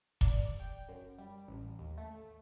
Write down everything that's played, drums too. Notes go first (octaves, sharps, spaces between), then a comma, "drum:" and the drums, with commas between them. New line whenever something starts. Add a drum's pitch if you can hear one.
D5, drum: kick E1
G5
F#2
G3
A1
D#2
A3